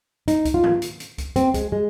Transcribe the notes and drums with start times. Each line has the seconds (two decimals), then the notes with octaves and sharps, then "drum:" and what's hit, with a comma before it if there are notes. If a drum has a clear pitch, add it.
0.28 D#4, drum: hi-hat
0.45 drum: kick C#2, hi-hat
0.54 F4
0.63 drum: tom
0.82 drum: hi-hat
1.00 drum: hi-hat
1.18 drum: kick C#2, hi-hat
1.36 C4, drum: hi-hat
1.54 G#3, drum: kick C#2, hi-hat
1.72 G#3